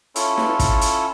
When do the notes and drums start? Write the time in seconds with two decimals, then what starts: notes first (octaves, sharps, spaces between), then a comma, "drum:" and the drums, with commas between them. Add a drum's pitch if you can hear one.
0.16 C#4 E4 F4 A4 C#5, drum: hi-hat
0.38 drum: snare
0.59 drum: kick, hi-hat
0.81 drum: hi-hat